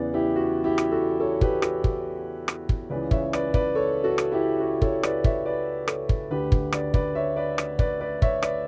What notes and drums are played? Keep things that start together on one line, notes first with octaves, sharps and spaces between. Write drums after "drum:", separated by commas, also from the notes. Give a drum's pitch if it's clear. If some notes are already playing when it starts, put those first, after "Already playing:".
Already playing: E2 C#3 E3 B4 D5
E4 G4
F#4
E4 G4
drum: rim click
F#4 A4
A4 C#5
G4 B4, drum: kick
F#4 A4, drum: rim click
drum: kick
drum: rim click
drum: kick
C#2 C#3 E3 B4 D5
C#5 E5, drum: kick
B4 D5, drum: rim click
B4 D5, drum: kick
A4 C#5
F#4 A4
drum: rim click
E4 G4
F#4
A4 C#5, drum: kick
B4 D5, drum: rim click
C#5 E5, drum: kick
B4 D5
A4 C#5, drum: rim click
drum: kick
D2 D3 G4 B4
drum: kick
B4 D5, drum: rim click
B4 D5, drum: kick
C#5 E5
B4 D5
drum: rim click
B4 D5, drum: kick
B4 D5
C#5 E5, drum: kick
B4 D5, drum: rim click